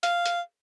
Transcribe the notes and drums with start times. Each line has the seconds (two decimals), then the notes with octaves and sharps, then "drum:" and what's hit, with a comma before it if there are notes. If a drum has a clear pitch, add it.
0.03 F5, drum: hi-hat
0.26 drum: hi-hat